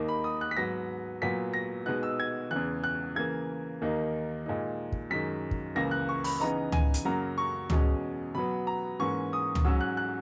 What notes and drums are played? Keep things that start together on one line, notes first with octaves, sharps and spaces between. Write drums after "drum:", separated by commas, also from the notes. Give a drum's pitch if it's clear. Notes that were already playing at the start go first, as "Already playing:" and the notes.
Already playing: D#2 D#3 A#3 D#4
B5
D#6
F#6
B6
G#2 F#3 B3 A#6
A#2 F#3 B3 B6
A#6
B2 G#3 B3 D#4 F#6
E6
G#6
E2 C#3 E3 F#6
F#6
C#3 E3 A#3 G#6
D#2 D#3 A#3 D#4
A#2 G#3 D#4
drum: kick
F#2 D#3 G#3 B6
drum: kick
C#2 C#3 E3 A#3 A#6
F#6
C#6
B5, drum: open hi-hat
C#3 E3 B3 D#4 A#5
G#5, drum: tom C#2
drum: hi-hat
F#2 C#3 F#3 A#3 A#5
C#6
E2 B2 G#3 C#4, drum: tom C#2
B2 F#3 B3 B5
A#5
G#2 E3 A#3 C#4 C#6
D#6
drum: tom C#2
G#2 F#3 C#4 E6
F#6
F#6